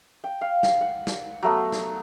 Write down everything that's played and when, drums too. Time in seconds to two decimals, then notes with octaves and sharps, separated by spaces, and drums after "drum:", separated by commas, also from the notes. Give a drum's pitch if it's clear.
0.24 G5
0.41 F5
0.63 drum: snare
0.81 F#5
1.07 drum: snare
1.43 F#3 A3 B3
1.72 drum: snare